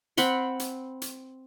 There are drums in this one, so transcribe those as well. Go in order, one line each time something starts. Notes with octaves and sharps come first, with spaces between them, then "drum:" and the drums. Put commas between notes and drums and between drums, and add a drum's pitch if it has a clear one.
C4 F#5 B5 C6, drum: hi-hat
drum: hi-hat
drum: hi-hat